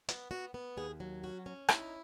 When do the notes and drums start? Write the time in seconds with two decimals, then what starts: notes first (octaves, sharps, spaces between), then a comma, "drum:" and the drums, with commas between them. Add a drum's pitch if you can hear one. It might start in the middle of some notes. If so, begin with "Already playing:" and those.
0.09 B3, drum: hi-hat
0.31 B3 F#4
0.54 B3
0.77 D#2 G#4
1.00 F#3
1.23 C#4 F#4
1.46 C#4
1.69 D#4 E4, drum: rim click